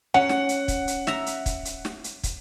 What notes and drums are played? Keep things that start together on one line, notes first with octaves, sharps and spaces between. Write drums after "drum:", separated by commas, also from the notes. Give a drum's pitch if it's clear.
C#4 F#5
drum: snare
drum: hi-hat
drum: kick, hi-hat
drum: hi-hat
E5 A#5, drum: snare
drum: hi-hat
drum: kick, hi-hat
drum: hi-hat
drum: snare
drum: hi-hat
drum: kick, hi-hat